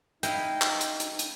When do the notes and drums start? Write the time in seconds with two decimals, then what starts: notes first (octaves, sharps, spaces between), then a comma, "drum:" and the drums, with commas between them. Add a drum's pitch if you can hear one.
0.23 D#4 E4 D#5 F5 G5, drum: hi-hat
0.62 drum: clap
0.81 drum: hi-hat
1.00 drum: hi-hat
1.19 drum: hi-hat